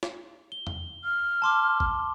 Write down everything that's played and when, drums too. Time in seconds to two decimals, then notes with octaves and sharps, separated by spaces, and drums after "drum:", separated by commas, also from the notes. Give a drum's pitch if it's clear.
0.03 drum: snare
0.52 G7
0.67 drum: tom E2
1.04 F6
1.42 A5 C6 D6
1.80 drum: kick G#1